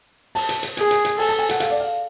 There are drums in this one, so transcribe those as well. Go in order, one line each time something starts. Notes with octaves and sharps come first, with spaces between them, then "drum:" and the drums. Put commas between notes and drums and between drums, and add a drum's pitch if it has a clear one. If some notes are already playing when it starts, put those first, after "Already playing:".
A5, drum: open hi-hat
drum: hi-hat
drum: hi-hat
G#4, drum: hi-hat
drum: hi-hat
drum: hi-hat
A4 G#5, drum: open hi-hat
A5
G#5
F#5, drum: hi-hat
F5, drum: hi-hat
D5
F5